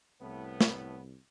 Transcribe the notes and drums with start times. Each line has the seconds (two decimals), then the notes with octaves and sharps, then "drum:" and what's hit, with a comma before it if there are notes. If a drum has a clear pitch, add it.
0.21 C2 A2 A3 B3
0.61 drum: snare